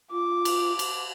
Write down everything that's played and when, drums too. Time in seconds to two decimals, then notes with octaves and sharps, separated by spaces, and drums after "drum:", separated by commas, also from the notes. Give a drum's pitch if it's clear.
0.12 F4 D6
0.45 drum: cymbal
0.79 drum: cymbal